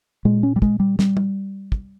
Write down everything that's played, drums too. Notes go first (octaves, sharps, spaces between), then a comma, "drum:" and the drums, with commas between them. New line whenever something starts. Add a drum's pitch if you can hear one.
A#2 G#3
C#4
G3
G#3, drum: kick
G3
G3, drum: snare
drum: tom
drum: kick